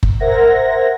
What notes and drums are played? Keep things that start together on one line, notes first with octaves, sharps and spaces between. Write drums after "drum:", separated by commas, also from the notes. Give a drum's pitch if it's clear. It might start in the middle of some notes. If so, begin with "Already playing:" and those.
drum: kick F#1
A#4 C5 E5 F#5 G#6 A#6